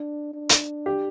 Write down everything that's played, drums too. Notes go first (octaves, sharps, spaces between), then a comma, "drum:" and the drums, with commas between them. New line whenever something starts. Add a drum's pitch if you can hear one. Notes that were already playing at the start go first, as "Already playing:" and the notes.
Already playing: D4
D4
drum: hi-hat
G4